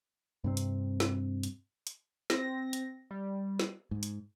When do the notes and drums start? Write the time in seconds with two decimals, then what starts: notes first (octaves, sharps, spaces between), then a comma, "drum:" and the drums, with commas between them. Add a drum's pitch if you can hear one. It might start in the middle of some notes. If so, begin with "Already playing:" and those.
0.44 G2 C3 C4
0.57 drum: hi-hat
1.00 drum: snare
1.43 drum: hi-hat
1.87 drum: hi-hat
2.30 C4 A#6, drum: snare
2.73 drum: hi-hat
3.11 G3
3.60 drum: snare
3.91 G#2
4.03 drum: hi-hat